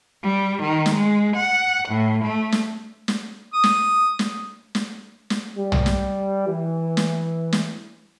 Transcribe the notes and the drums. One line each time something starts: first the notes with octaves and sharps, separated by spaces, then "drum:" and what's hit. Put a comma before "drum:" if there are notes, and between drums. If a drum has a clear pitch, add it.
G3
D#3
drum: snare
G#3
F#5
A2
A3
drum: snare
drum: snare
D#6
drum: snare
drum: snare
drum: snare
drum: snare
G3
drum: tom
drum: snare
E3
drum: snare
drum: snare